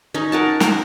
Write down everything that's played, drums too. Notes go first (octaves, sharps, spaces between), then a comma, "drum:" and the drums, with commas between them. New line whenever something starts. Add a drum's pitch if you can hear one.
C#4 D#4
A#4 F#5 A5
A#4 C5, drum: snare